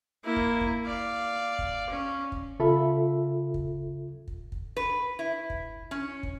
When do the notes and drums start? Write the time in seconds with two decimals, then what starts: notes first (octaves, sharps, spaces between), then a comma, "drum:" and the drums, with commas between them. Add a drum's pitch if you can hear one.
0.24 A#3 E4
0.36 drum: kick
0.61 drum: kick
0.85 D5 F5
1.59 drum: kick
1.89 C#4
2.32 drum: kick
2.59 C#3 F4 A4 E5 B5
3.54 drum: kick
4.28 drum: kick
4.52 drum: kick
4.77 B4
5.19 E4
5.50 drum: kick
5.91 C#4
6.23 drum: kick